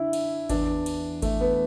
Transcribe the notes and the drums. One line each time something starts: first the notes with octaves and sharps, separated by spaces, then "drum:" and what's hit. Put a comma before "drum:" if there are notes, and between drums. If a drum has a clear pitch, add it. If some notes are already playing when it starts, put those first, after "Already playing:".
Already playing: D3 E4
drum: cymbal
E2 E3 D4, drum: kick G#1, cymbal
drum: cymbal
A3, drum: kick G#1, cymbal
B3